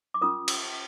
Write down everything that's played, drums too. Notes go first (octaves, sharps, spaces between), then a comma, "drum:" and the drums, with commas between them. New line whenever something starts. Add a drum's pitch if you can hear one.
D6
C#4 F4 A#4 D#6
E6, drum: cymbal